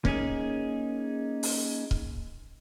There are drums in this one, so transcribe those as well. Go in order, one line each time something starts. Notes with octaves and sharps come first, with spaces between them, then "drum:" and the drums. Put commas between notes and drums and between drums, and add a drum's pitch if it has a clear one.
A#3 C#4 D#4 G#4, drum: kick C#1
drum: open hi-hat
drum: kick C#1